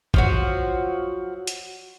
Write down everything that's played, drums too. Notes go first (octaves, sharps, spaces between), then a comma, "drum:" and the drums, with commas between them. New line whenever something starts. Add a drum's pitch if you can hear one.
F3 F#3 F#4, drum: kick
drum: hi-hat